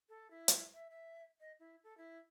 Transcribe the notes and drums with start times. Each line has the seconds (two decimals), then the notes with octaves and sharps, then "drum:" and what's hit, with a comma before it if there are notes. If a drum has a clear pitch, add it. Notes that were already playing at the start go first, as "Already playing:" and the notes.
0.09 A4
0.31 E4
0.48 drum: hi-hat
0.74 E5
0.90 E5
1.40 D#5
1.60 E4
1.84 A4
1.98 E4